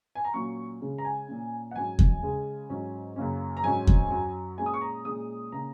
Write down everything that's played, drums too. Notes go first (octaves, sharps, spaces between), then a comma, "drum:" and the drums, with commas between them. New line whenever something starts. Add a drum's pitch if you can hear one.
G#5
A#5
A#2 F#3 A#3 C#4 C#6
C#3 G#3 C#4
A#5
G#5
A#2 A#3 C#4
F#5
G#2 F#3 C#4 G#5
drum: kick E2
C#3 G#3 C#4
G#2 F#3 C#4
F#2 C#3 A#3 C#4
A#5
G#2 F#3 C#4 G#5
drum: kick E2
F#2 F#3 C#4
A#2 G#3 C#4 G#5
D#6
C#6
A#5
A#2 G#3 C#4 D#6
C#3 A#3 C#4 A#5